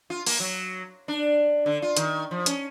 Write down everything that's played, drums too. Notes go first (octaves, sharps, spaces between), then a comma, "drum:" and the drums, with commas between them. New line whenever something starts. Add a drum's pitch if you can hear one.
F4
A#3, drum: open hi-hat
F#3
D4
D3
F4
D#3, drum: hi-hat
F3
C#4, drum: hi-hat